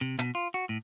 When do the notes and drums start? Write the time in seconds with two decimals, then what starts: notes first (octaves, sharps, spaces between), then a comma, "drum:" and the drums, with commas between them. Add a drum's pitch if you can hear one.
0.01 C3
0.19 B2, drum: hi-hat
0.35 F4
0.54 F#4
0.69 A2